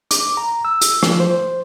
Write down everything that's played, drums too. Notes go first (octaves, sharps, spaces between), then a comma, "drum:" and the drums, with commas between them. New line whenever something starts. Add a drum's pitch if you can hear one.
D6, drum: hi-hat
A#5
E6
drum: hi-hat
F3, drum: rim click
C5